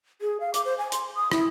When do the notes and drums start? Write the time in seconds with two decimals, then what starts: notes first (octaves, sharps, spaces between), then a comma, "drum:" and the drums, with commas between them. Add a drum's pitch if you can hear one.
0.21 G#4
0.40 F5
0.54 D6, drum: hi-hat
0.65 C5
0.78 G#5
0.92 C6, drum: hi-hat
1.15 D#6
1.32 E4, drum: rim click